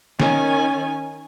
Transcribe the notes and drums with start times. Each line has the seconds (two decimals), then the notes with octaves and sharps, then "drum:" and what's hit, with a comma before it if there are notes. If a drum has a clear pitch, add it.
0.20 D#3 C#4 G#5, drum: snare